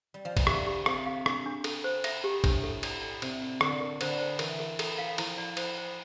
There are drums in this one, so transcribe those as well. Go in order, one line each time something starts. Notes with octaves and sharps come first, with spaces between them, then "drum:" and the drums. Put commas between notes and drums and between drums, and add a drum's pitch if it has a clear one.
G3
F3
E3, drum: kick A#1, cymbal
D3 G4, drum: rim click
G4
C3 F5, drum: rim click
F5
D4, drum: rim click
D4
A4, drum: cymbal
C5
E5, drum: cymbal
G4
A2 D4, drum: kick A#1, cymbal
A4
D5, drum: cymbal
D5
C3 D5, drum: cymbal
D5
D3 A#4, drum: rim click
A#4
D3 C5, drum: cymbal
C5
E3 A#4, drum: cymbal
A#4
A4, drum: cymbal
F5
F3 E4, drum: cymbal
D5
C5, drum: cymbal
C5